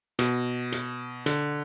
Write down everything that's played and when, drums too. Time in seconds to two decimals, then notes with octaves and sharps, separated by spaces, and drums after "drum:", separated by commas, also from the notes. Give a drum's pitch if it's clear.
0.19 B2, drum: hi-hat
0.72 drum: hi-hat
1.26 D3, drum: hi-hat